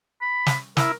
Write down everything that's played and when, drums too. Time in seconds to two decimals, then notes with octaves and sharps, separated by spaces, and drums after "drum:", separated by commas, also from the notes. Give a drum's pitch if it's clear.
0.21 B5
0.46 drum: snare
0.77 E4 A#4, drum: snare